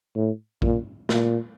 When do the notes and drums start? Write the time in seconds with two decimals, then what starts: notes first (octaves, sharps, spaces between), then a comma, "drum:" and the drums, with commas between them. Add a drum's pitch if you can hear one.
0.16 A2
0.62 A#2, drum: kick A#1
1.09 A#2, drum: snare